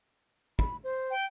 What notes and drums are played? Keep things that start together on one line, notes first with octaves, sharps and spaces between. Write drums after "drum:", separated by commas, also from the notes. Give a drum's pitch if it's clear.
B5, drum: kick
C5
G5